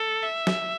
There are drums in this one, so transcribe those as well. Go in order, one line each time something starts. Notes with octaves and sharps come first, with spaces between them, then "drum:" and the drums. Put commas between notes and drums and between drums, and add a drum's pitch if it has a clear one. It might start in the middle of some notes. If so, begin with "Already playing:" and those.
Already playing: A4
E5
drum: snare